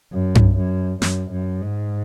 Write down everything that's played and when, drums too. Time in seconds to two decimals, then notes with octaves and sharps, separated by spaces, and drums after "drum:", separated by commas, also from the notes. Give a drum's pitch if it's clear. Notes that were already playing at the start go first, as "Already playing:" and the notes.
0.12 F#2
0.35 drum: tom G2
0.57 F#2
1.02 F#2, drum: snare
1.32 F#2
1.61 G#2